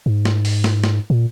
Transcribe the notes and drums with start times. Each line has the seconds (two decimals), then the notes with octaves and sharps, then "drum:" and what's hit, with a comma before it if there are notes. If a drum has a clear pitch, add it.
0.06 G#2
0.25 drum: snare
0.45 drum: open hi-hat
0.64 drum: snare
0.84 drum: snare
1.10 A#2